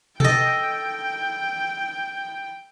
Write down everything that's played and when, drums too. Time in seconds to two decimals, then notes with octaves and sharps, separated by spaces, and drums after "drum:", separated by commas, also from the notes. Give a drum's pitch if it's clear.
0.20 A4 D#5 G5, drum: tom B2